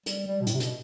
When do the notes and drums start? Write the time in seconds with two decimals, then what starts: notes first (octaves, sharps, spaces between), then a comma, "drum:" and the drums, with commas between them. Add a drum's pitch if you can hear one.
0.06 G3, drum: hi-hat
0.27 G3
0.41 B2
0.47 A2, drum: hi-hat
0.54 C3
0.60 B2, drum: hi-hat